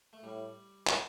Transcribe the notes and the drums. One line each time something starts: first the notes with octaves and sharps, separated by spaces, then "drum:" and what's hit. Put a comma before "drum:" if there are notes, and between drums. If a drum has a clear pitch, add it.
A3
A2 G3
drum: clap